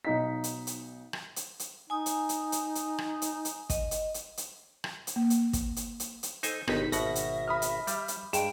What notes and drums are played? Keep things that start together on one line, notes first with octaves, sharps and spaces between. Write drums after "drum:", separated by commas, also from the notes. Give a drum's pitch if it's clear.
B1 D#4 B6
drum: hi-hat
drum: hi-hat
drum: rim click
drum: hi-hat
drum: hi-hat
D#4 G#5 D#6
drum: hi-hat
drum: hi-hat
drum: hi-hat
drum: hi-hat
drum: rim click
drum: hi-hat
drum: hi-hat
D#5, drum: kick, hi-hat
drum: hi-hat
drum: hi-hat
drum: hi-hat
drum: rim click
drum: hi-hat
A#3
drum: hi-hat
drum: kick, hi-hat
drum: hi-hat
drum: hi-hat
drum: hi-hat
D#4 A4 C5 G#5, drum: hi-hat
G1 B2 D#3 D#4 F#4 B6, drum: rim click
G#1 B2 E5 F#5 A#6, drum: hi-hat
drum: hi-hat
B5 D#6 F6
drum: hi-hat
G3, drum: hi-hat
drum: hi-hat
G2 G#3 G5 E7, drum: hi-hat